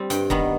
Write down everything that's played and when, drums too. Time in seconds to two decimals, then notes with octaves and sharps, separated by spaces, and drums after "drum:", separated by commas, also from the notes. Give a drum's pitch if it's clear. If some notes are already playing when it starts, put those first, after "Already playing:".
Already playing: G3 C4
0.10 G2 G5, drum: hi-hat
0.30 D#3 G3 B3, drum: kick